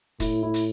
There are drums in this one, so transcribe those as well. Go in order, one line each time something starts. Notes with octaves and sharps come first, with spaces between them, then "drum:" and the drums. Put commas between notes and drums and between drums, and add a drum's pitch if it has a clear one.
A2 E4, drum: kick, hi-hat
E4
drum: hi-hat